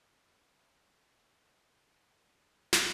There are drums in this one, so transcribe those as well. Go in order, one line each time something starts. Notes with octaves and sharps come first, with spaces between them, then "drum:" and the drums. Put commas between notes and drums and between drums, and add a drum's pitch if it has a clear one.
E2 G4 B5
drum: snare